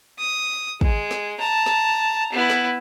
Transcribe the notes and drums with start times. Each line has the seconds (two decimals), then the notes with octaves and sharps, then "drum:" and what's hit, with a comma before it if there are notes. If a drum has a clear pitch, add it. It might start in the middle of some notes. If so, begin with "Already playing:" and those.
0.19 D#6
0.81 G#3, drum: kick
1.11 drum: snare
1.39 A5 A#5
1.66 drum: snare
2.32 B3 E4
2.50 drum: snare